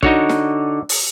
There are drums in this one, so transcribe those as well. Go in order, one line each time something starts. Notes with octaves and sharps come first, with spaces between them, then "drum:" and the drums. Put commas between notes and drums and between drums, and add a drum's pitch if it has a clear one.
D3 D#4 F#4 C#5, drum: kick
drum: snare
drum: open hi-hat